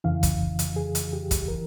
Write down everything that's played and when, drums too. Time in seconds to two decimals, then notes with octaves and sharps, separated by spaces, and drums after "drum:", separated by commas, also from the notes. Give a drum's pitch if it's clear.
0.04 F2 C#3 E3 F5
0.23 drum: kick, hi-hat
0.59 drum: hi-hat
0.76 G#4
0.95 drum: hi-hat
1.13 G4
1.31 drum: kick, hi-hat
1.48 E3 A#4